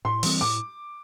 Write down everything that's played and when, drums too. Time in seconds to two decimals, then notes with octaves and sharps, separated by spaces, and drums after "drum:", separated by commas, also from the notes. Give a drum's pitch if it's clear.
0.05 A2 C6
0.23 E3 G3 C4, drum: open hi-hat
0.41 A2 D6